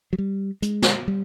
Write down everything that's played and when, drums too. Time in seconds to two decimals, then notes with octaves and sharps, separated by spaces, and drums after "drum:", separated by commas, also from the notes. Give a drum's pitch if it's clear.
0.13 F#3
0.18 G3
0.62 G#3, drum: hi-hat
0.82 drum: snare
1.08 G3